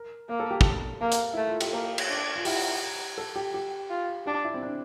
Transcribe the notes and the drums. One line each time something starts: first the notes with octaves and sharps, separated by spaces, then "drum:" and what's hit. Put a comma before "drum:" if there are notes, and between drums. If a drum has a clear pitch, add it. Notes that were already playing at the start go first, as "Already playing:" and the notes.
Already playing: A#4
A#3 A#4
A4
G4
A4, drum: kick
A#3 A#4
drum: hi-hat
A3 E4
F4
G4, drum: cymbal
A#3 A4
drum: cymbal
D4
F4
E4 G4, drum: open hi-hat
A4
G4
G4
F4
D4 G4
E4
C4
D4